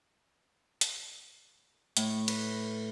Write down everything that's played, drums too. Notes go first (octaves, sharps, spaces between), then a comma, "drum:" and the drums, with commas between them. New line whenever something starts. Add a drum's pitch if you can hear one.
drum: hi-hat
A2, drum: hi-hat
B4, drum: cymbal